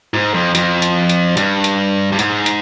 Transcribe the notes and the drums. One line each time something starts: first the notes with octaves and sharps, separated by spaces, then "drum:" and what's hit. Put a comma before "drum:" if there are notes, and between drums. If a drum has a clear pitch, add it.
G#2
F2
F2, drum: hi-hat
drum: hi-hat
drum: hi-hat
G2, drum: hi-hat
drum: hi-hat
G2
G#2, drum: hi-hat
drum: hi-hat